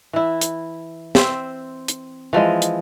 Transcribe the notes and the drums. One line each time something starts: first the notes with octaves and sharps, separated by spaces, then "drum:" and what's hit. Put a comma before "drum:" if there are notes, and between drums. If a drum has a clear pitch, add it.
E3 E4
drum: hi-hat
C4 C5 E5, drum: snare
drum: hi-hat
E3 F3 G#3 D#5
drum: hi-hat